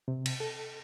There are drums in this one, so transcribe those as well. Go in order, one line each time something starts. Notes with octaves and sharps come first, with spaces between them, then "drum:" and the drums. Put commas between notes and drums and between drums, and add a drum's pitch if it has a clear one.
C3
drum: cymbal
A4